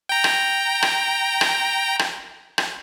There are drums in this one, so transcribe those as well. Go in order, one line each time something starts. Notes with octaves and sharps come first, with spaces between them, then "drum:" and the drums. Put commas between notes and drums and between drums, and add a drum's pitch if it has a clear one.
G5 A#5
drum: rim click
drum: rim click
drum: rim click
drum: rim click
drum: rim click